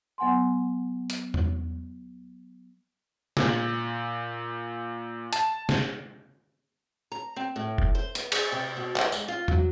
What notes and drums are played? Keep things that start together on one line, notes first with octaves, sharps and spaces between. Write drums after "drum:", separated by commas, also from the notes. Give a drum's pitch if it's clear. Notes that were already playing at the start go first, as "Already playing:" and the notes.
F#3 B3 F#5 G#5 C6
drum: hi-hat
drum: tom E2
A#2, drum: snare
A5, drum: hi-hat
drum: snare
A#5
C4
A2
drum: kick F1
C5
B3, drum: hi-hat
G#4, drum: cymbal
C3
B2
E5, drum: clap
G#3, drum: tambourine
F4
F#3, drum: tom E2